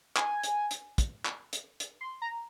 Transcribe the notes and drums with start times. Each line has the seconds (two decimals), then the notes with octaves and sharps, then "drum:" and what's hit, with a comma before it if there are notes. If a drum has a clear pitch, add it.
0.16 G#5, drum: clap
0.43 drum: hi-hat
0.71 drum: hi-hat
0.98 drum: kick, hi-hat
1.25 drum: clap
1.53 drum: hi-hat
1.80 drum: hi-hat
2.01 C6
2.22 A#5